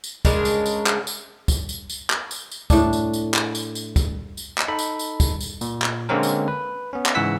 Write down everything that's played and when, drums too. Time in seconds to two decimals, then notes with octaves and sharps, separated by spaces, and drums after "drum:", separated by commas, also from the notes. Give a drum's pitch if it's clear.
0.04 drum: tambourine
0.25 C#3 G#3 D4 A#4, drum: kick, tambourine
0.45 drum: tambourine
0.66 drum: tambourine
0.86 drum: clap
1.07 drum: tambourine
1.48 drum: kick, tambourine
1.69 drum: tambourine
1.90 drum: tambourine
2.10 drum: clap
2.31 drum: tambourine
2.51 drum: tambourine
2.70 A2 D4, drum: kick, tambourine
2.93 drum: tambourine
3.13 drum: tambourine
3.34 drum: clap
3.55 drum: tambourine
3.75 drum: tambourine
3.96 drum: kick, tambourine
4.37 drum: tambourine
4.58 drum: clap
4.68 D#4 A4 B5
4.79 drum: tambourine
4.99 drum: tambourine
5.20 drum: kick, tambourine
5.41 drum: tambourine
5.61 A#2, drum: tambourine
5.82 drum: clap
6.09 D3 G#3 A#3 C4 C#4 A#4
6.23 drum: tambourine
6.48 B4
6.93 B3 C#4
7.06 drum: clap
7.15 G#2 C#3 E3 F#5 E6 B6